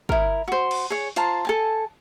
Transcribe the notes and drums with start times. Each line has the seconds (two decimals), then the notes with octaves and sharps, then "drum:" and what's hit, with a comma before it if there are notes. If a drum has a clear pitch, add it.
0.09 E4 A#4, drum: kick
0.48 F#4 C5
0.71 drum: cymbal
0.90 G#4 C#5
1.16 F4 C5 A5 A#5, drum: hi-hat
1.45 A4 G#5 A5